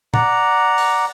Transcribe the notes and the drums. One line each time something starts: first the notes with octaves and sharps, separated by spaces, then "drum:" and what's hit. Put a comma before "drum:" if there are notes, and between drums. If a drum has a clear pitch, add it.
D5 F#5 A#5, drum: tom
drum: open hi-hat